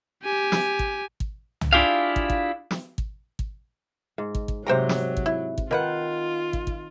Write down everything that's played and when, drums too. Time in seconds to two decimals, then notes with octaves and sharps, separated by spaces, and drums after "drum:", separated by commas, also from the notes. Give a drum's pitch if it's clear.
0.25 G4 G#5
0.52 drum: snare
0.79 drum: kick
1.20 drum: kick
1.61 drum: tom
1.73 D4 E4 F4 G4 G#4 F5
2.16 drum: kick
2.30 drum: kick
2.71 drum: snare
2.98 drum: kick
3.39 drum: kick
4.18 G#2
4.35 drum: kick
4.48 drum: kick
4.67 G#2 C3 F#3 C5 G5 A#5
4.89 drum: snare
5.17 drum: kick
5.26 E4
5.58 drum: kick
5.71 D#3 A#3 F4 B4 F#5 G5
6.53 drum: kick
6.67 drum: kick